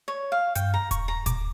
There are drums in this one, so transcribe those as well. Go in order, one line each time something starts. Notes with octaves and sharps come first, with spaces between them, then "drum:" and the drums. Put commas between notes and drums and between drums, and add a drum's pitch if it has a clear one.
C#5
F5
G2 G5, drum: hi-hat
A#5
C#6, drum: kick D#1, hi-hat
A#5
A#2 D6, drum: kick D#1, hi-hat